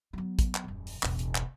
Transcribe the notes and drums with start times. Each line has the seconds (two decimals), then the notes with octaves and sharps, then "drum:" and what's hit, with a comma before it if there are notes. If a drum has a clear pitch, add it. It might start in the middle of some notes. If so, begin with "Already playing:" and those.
0.13 F#3 B3
0.39 drum: kick, hi-hat
0.55 drum: clap
0.64 D#1 F#2
0.87 drum: open hi-hat
1.03 E1 A1, drum: clap
1.19 drum: hi-hat
1.35 drum: clap